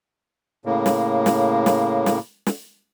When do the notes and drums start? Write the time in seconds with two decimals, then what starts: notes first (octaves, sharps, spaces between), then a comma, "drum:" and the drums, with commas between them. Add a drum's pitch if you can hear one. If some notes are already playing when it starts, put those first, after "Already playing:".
0.66 A2 C#3 A#3
0.86 drum: snare
1.26 drum: snare
1.66 drum: snare
2.06 drum: snare
2.47 drum: snare